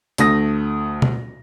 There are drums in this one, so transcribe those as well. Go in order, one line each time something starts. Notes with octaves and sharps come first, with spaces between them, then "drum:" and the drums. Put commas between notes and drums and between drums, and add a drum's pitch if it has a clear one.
D2 A3 D#6 A#6, drum: hi-hat
drum: tom B2